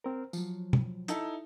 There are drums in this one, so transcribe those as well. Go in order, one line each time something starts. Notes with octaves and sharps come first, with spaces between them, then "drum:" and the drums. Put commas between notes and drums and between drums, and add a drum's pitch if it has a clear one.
C4 A#4
F3 F#3, drum: tambourine
drum: tom B2
D#4 E4 A4, drum: hi-hat